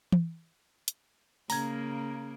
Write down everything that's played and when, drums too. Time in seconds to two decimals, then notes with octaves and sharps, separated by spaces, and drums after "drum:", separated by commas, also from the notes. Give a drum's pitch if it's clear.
0.12 drum: tom E3
0.88 drum: hi-hat
1.50 C#3 A#3 A#5 G#6, drum: open hi-hat